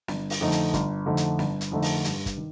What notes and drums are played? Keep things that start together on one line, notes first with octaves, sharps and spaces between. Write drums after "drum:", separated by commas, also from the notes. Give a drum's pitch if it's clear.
G1, drum: snare
drum: open hi-hat
F2 D3 A3 D#4
drum: hi-hat
G1, drum: kick, hi-hat
F2 D3 A3 D#4
drum: hi-hat
G1, drum: snare
drum: hi-hat
F2 D3 A3 D#4
drum: open hi-hat
G2, drum: hi-hat
drum: kick, hi-hat
D#3